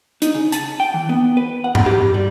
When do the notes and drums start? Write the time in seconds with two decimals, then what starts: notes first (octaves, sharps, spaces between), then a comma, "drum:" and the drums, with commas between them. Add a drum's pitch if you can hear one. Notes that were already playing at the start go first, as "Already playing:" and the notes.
0.22 D#4, drum: hi-hat
0.35 C#3
0.52 A5, drum: hi-hat
0.80 G5
0.94 E3
1.09 B3
1.37 B4
1.64 F#5
1.75 drum: tom G2
1.86 G4
2.14 G3